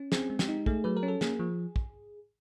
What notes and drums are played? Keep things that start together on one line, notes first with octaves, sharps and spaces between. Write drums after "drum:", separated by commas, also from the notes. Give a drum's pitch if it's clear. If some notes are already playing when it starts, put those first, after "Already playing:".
Already playing: C#4
C4 G#4, drum: snare
G#3
G4, drum: snare
D#4
A3 G#4, drum: kick
F#3 B4
A#4
C#4
A4
A#3 G#4, drum: snare
F3
drum: kick